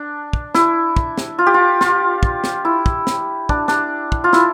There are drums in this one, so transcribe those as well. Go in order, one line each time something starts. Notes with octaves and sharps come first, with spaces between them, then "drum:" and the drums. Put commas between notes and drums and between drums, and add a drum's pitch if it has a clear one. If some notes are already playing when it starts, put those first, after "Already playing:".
Already playing: D4
drum: kick
E4, drum: snare
drum: kick
drum: snare
F4
G4
F4
F4, drum: snare
drum: kick
drum: snare
E4
drum: kick
drum: snare
D4, drum: kick
D4, drum: snare
drum: kick
F4
E4, drum: snare